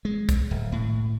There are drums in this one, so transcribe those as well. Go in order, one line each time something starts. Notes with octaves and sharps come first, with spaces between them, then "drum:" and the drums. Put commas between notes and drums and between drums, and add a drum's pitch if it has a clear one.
G#3
drum: kick, hi-hat
D1
A2